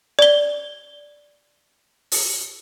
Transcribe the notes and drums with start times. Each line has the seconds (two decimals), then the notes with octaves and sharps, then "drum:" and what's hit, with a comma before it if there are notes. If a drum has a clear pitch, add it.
0.19 D5 G7
2.12 drum: open hi-hat